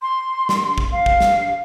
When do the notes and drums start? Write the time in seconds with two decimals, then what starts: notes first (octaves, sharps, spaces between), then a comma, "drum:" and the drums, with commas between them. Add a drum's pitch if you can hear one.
0.02 C6
0.49 drum: snare
0.78 drum: kick
0.92 F5
1.06 drum: kick
1.20 drum: snare